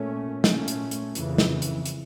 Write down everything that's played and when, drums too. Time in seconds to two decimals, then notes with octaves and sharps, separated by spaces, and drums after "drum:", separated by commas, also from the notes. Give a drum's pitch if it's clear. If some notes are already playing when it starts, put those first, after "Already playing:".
Already playing: A#2 A3 C#4
0.44 A#2 A3 C#4, drum: snare
0.68 drum: hi-hat
0.91 drum: hi-hat
1.15 F2 C#3 E3, drum: hi-hat
1.38 drum: snare
1.62 drum: hi-hat
1.85 drum: hi-hat